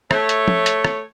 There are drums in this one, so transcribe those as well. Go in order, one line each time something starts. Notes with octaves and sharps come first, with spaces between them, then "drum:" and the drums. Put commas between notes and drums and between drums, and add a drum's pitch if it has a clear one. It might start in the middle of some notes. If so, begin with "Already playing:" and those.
A3 C#5, drum: rim click
drum: hi-hat
drum: tom
drum: hi-hat
drum: rim click